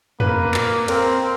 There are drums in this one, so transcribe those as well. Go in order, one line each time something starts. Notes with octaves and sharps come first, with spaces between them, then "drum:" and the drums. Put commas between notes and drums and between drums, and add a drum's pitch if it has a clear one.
A#3 B4, drum: tom
drum: clap
C4 A#4, drum: cymbal